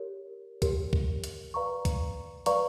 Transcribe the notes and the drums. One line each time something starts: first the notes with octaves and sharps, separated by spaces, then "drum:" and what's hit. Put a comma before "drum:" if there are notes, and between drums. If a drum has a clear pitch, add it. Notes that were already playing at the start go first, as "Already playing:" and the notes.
Already playing: G4 A#4 C#5
G4 A#4 C#5, drum: kick C#2, hi-hat
drum: kick C#2
drum: hi-hat
B4 D5 F5 A#5 C#6
drum: kick C#2, hi-hat
B4 D5 F5 A#5 C#6, drum: hi-hat